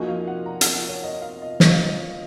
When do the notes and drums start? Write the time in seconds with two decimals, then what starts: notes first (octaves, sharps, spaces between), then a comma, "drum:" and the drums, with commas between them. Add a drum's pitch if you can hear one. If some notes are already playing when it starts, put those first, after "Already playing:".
Already playing: F3 A#3 D#4 F#4 G#5
0.08 F5
0.27 F#5
0.46 A#5
0.61 F#5, drum: hi-hat
0.74 F#5
0.89 C#5
1.04 D#5
1.22 F5
1.42 D#5
1.60 D#5, drum: snare
1.72 F5
1.83 D#5